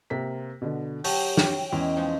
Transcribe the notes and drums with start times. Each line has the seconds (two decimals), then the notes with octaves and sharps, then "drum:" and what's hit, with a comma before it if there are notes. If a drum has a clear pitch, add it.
0.10 C3 A#3 B6
0.62 B2 D3
1.04 F#3 G4 G5 A5, drum: open hi-hat
1.37 drum: snare
1.72 E2 G#3 C#4
1.96 F3 G#3 D#4